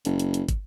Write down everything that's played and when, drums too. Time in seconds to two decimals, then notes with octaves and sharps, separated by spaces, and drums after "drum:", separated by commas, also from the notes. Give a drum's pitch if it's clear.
0.05 F#1, drum: hi-hat
0.20 drum: hi-hat
0.34 drum: hi-hat
0.49 drum: kick, hi-hat